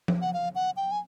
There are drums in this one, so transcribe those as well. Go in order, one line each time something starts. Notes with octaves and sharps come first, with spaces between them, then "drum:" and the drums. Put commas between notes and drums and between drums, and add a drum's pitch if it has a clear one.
drum: tom F3
F#5
F5
F#5
G5
G#5